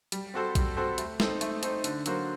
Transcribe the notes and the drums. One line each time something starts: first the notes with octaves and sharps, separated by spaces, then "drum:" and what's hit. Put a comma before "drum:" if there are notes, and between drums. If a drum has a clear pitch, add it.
G3, drum: hi-hat
C4 F#4 A4 C5
G3, drum: kick A#1, hi-hat
C4 F#4 A4 C5
A3, drum: hi-hat
C4 D#4 A4 C5, drum: snare
A3, drum: hi-hat
C4 D#4 A4 C5, drum: hi-hat
D3, drum: hi-hat
F#3 A#3 F#4 C5, drum: hi-hat